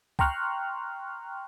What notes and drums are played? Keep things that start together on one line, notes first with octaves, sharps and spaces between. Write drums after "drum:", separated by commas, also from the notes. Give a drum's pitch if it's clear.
G5 A#5 C6 C#6 F6 F#6, drum: kick